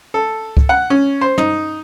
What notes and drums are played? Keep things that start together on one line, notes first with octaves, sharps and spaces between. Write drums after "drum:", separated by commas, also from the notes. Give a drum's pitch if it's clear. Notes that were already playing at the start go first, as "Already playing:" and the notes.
A4
drum: kick C#2
F#5
C#4
C5
D#4, drum: tom